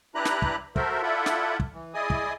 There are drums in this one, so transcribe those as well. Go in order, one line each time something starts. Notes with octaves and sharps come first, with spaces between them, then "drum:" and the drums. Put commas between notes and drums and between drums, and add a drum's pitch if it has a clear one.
D4 E4 G4 B4 A#5 F#6
drum: snare
drum: kick
F#4 A4 A#4 C5 E5, drum: kick
E4 F4 A4 D5 E5 F#5
drum: snare
drum: kick
E3
E4 G#4 D5 D#5 G#5 D#6
drum: kick